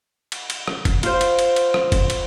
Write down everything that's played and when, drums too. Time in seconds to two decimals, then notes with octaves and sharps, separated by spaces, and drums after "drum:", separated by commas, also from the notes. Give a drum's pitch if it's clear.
0.32 drum: cymbal
0.50 drum: cymbal
0.67 drum: rim click
0.85 drum: kick, cymbal
1.03 F4 C5, drum: cymbal
1.21 drum: cymbal
1.39 drum: cymbal
1.56 drum: cymbal
1.74 drum: rim click
1.92 drum: kick, cymbal
2.10 drum: cymbal